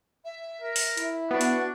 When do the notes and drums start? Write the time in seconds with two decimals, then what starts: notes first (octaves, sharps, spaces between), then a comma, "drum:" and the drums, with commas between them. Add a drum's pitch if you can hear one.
0.25 E5
0.62 A#4
0.76 drum: open hi-hat
0.97 E4, drum: hi-hat
1.31 B3 D4 F#4
1.41 drum: hi-hat